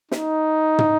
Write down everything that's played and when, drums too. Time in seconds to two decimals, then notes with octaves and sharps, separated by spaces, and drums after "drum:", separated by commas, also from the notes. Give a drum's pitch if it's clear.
0.11 D#4, drum: snare
0.79 drum: tom